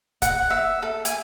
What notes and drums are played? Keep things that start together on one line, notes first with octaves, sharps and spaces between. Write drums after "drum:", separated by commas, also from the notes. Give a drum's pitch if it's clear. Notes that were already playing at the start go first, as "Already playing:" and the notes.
F#5, drum: kick, hi-hat
E5
A4
G#5, drum: hi-hat